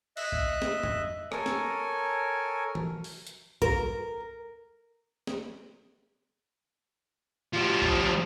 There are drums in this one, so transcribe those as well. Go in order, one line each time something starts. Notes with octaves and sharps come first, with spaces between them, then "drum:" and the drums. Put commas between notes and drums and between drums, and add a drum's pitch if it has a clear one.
D#5 E5 F#6, drum: cymbal
drum: kick B1
drum: snare
drum: tom F2
A4 A#4 C#5 G#5, drum: rim click
drum: snare
drum: tom
drum: open hi-hat
drum: hi-hat
A#4, drum: kick B1
drum: snare
F3 G3
drum: kick B1